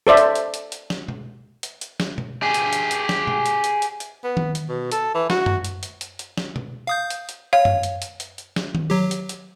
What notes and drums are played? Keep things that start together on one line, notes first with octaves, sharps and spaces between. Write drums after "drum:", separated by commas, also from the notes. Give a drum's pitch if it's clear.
A4 C5 D5 E5
drum: hi-hat
drum: hi-hat
drum: hi-hat
drum: hi-hat
drum: snare
drum: tom B2
drum: hi-hat
drum: hi-hat
drum: snare
drum: tom B2
G4 G#4
drum: hi-hat
drum: hi-hat
drum: hi-hat
drum: snare
drum: tom B2
drum: hi-hat
drum: hi-hat
drum: hi-hat
drum: hi-hat
B3
drum: tom D#3
drum: hi-hat
B2
A4, drum: hi-hat
E3
F#4, drum: snare
drum: tom F#2
drum: hi-hat
drum: hi-hat
drum: hi-hat
drum: hi-hat
drum: snare
drum: tom B2
F5 D#6 G6
drum: hi-hat
drum: hi-hat
C#5 F5
drum: tom F#2
drum: hi-hat
drum: hi-hat
drum: hi-hat
drum: hi-hat
drum: snare
drum: tom D#3
F#3 G4
drum: hi-hat
drum: hi-hat